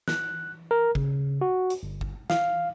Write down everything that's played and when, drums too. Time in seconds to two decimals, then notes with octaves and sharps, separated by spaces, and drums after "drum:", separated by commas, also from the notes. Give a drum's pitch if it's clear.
0.08 F#6, drum: snare
0.71 A#4
0.95 C#3, drum: kick
1.41 F#4
1.70 drum: hi-hat
1.83 G1
2.01 drum: kick
2.30 F5, drum: snare